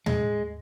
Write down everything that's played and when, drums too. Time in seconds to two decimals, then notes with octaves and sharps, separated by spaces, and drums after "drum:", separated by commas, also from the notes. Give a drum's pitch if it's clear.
0.06 G#3, drum: tom